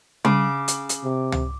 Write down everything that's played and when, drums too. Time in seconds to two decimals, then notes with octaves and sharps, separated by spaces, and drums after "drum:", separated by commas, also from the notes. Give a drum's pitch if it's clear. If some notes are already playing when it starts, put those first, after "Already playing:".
0.25 C#3 D6, drum: tom G3
0.68 drum: hi-hat
0.89 drum: hi-hat
1.04 C3
1.32 drum: tom